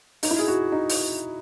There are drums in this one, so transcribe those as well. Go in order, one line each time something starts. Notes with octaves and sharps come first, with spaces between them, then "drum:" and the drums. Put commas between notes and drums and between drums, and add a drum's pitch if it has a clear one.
D#4, drum: open hi-hat
E4
G#4
F#4
D#4
drum: open hi-hat